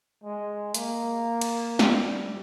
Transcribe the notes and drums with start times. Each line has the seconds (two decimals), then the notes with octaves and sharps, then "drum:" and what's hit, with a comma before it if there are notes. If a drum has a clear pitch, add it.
0.23 G#3
0.75 A#3, drum: hi-hat
1.41 drum: cymbal
1.79 G3, drum: snare